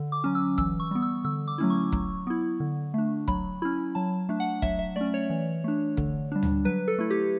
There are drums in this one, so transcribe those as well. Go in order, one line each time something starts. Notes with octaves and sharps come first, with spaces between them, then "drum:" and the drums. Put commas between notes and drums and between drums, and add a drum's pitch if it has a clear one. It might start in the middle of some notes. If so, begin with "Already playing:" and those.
Already playing: D3
D6
F#3 C#4
E6
E3 E6, drum: kick
C#6
G3 B3
E6
D3 E6
D6
F#3 A3 C#4 E4
C#6
F#3, drum: kick
B3 E4
D3
A3 D4
F#3 B5, drum: kick
C#4 E4 B5
F#3 A5
A3 D4
F#5
F#3 E5, drum: kick
E5
A3 C#4 D5
C#5
E3
A3 D4
D3, drum: kick
G3 D4
drum: tom D2
F#3 B4
A4
A3 E4
G4